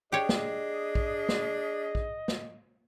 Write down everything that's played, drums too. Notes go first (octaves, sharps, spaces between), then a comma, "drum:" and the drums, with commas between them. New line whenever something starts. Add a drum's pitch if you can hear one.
D4 G4 G#4 C#5 D#5
drum: snare
drum: kick A#1
drum: snare
drum: kick A#1
drum: snare